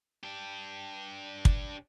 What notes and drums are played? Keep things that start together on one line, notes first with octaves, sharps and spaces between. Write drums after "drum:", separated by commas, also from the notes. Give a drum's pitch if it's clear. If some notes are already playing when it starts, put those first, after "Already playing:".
D4 G4
drum: kick